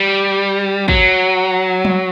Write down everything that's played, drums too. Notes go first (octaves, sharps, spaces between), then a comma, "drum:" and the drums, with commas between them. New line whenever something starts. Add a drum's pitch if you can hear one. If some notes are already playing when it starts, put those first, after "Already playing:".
Already playing: G3
F#3, drum: kick
drum: tom F#3